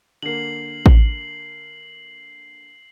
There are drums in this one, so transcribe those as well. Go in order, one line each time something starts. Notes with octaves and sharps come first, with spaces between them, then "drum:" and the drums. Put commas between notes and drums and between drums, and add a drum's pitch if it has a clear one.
D3 A#3 C7 F#7
drum: kick A1